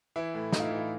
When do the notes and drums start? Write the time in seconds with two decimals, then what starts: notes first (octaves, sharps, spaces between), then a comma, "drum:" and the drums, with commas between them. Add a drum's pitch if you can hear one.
0.16 E3 E4
0.34 A2
0.52 A2 D#4, drum: snare
0.60 F4
0.65 E4
0.71 E3
0.77 F4